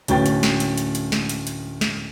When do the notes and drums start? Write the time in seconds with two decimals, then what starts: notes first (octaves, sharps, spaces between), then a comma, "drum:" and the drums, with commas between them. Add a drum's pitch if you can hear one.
0.08 D1 C#4 G5 A6, drum: hi-hat
0.26 drum: hi-hat
0.43 drum: snare
0.60 drum: hi-hat
0.78 drum: hi-hat
0.95 drum: hi-hat
1.12 drum: snare
1.29 drum: hi-hat
1.47 drum: hi-hat
1.81 drum: snare